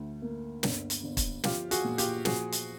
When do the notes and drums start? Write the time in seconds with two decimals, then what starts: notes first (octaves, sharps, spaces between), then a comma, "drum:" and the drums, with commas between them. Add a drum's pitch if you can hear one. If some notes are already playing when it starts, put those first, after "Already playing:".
Already playing: D2 A3
0.22 A#3
0.63 G1, drum: snare
0.90 drum: hi-hat
1.03 G1
1.17 drum: kick, hi-hat
1.44 F3 F4 G4, drum: snare
1.71 F#4 G#4, drum: hi-hat
1.84 A#2
1.98 F4 G4, drum: hi-hat
2.25 F3 F#4 G#4, drum: snare
2.52 drum: hi-hat